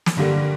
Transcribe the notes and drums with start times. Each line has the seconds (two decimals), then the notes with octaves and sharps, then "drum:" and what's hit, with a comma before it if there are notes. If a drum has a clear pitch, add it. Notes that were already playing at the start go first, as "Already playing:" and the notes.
0.06 drum: snare
0.17 G2 D3 G3 A#3 G4